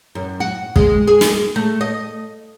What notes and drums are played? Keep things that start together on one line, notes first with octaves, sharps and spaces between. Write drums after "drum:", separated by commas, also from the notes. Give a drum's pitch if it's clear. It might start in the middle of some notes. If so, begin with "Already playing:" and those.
F#2
F#4
G#3, drum: kick
G#4
drum: snare
A3
D#5